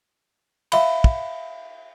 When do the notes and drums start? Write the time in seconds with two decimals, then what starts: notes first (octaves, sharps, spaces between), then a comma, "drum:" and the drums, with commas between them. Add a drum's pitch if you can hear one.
0.72 E5 F5 B5, drum: cymbal
1.04 drum: kick